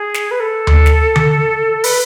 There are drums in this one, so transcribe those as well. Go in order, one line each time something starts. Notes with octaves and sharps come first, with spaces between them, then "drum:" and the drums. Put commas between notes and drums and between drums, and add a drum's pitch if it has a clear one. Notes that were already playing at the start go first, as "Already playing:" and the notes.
Already playing: G#4
drum: snare
B4
A4
drum: tom D2
drum: snare
drum: tom D3
B4, drum: open hi-hat